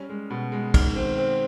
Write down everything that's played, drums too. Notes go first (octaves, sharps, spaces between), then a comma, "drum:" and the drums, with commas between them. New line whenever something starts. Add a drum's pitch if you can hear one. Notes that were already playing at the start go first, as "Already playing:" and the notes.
Already playing: G3 C#4 F6
G#3
B2
G#3
D#3 F6, drum: kick, cymbal
C4
C4